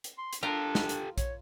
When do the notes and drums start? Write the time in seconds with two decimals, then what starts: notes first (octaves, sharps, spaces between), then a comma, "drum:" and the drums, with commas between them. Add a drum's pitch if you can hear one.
0.04 drum: hi-hat
0.18 C6
0.33 drum: hi-hat
0.43 D4 F4 G4 A4 A#4
0.75 drum: snare
0.89 drum: hi-hat
1.18 C#5, drum: kick A#1, hi-hat